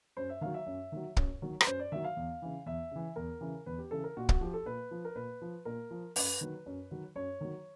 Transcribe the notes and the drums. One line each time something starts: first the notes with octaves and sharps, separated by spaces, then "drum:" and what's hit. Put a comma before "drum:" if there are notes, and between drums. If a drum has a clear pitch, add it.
F#2 C5
E5
D#3 F#3 F5
E5
F#2
D#3 F#3
F#2, drum: kick
D#3 F#3
B4, drum: rim click
F#2 C5
D5
D#3 F#3 E5
F5
E2
C#3 E3
E2 E5
C#3 E3
E2 A#4
C#3 E3
E2 B4
G4
C#3 E3 A4
A#4
A#2 F#4
F#4, drum: kick
F3 G4
A4
A#2 B4
F3
A#4
A#2 B4
F3
A#2 A#4
F3
F#2 B4, drum: open hi-hat
D#3 F#3
F#2
D#3 F#3
F#2 C#5
D#3 F#3